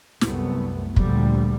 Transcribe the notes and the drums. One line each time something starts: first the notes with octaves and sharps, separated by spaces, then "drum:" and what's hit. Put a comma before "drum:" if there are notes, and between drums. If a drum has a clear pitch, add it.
C2 F#2 A3 B3, drum: snare
D2 A#2 D3 F3 G3, drum: kick